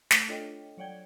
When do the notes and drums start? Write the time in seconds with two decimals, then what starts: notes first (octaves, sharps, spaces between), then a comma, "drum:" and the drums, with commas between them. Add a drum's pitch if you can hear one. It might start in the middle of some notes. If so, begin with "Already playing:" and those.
0.11 A3, drum: snare
0.28 D4 F4 A4 C#5 D#5 G5
0.77 F#3 C#5 D5 F#5 G5 G#6